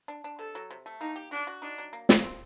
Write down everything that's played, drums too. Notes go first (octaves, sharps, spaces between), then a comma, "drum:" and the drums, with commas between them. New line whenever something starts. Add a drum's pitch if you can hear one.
D4
D4
C3 A4
F#3
C3
A3
A#3 D#4
G4
D4 F#4
F#4
D4 D#4
F#3
A#3
A#3, drum: snare
C4